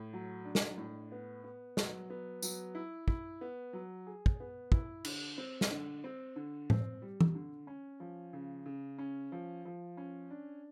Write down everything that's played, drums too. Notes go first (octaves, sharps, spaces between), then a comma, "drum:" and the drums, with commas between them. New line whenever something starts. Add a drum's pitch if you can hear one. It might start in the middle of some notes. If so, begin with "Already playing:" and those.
Already playing: A2
F#3
D4
drum: snare
A2
B3
B3
F#3, drum: snare
B3
F#3, drum: tambourine
E4
E4, drum: kick
B3
F#3
G#4
drum: kick
B3
E4, drum: kick
D3, drum: cymbal
C4
drum: snare
D3
C4
D3
C4, drum: tom A2
G3
drum: tom
D3
C#4
F3
C#3
C#3
C#4
F3
F3
C#4
D4